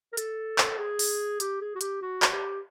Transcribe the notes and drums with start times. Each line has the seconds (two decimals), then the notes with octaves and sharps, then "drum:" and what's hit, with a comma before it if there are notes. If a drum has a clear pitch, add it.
0.13 A#4
0.17 A4, drum: hi-hat
0.58 drum: clap
0.78 G#4
0.99 drum: open hi-hat
1.40 G4, drum: hi-hat
1.61 G#4
1.75 F#4
1.81 G4, drum: hi-hat
2.02 F#4
2.22 drum: clap
2.32 G4